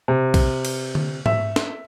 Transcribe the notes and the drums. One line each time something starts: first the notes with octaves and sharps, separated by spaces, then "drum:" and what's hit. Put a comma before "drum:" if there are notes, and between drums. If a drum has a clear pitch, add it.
C3
drum: kick B1, cymbal
drum: cymbal
drum: tom D3
E5, drum: tom G#2
drum: snare